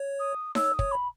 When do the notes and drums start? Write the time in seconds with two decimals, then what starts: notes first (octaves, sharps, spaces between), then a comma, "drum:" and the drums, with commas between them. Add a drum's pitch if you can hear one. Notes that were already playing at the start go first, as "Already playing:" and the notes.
Already playing: C#5
0.19 D#6
0.55 C#5 E6, drum: snare D#4
0.73 D#6
0.79 C#5, drum: kick
0.91 B5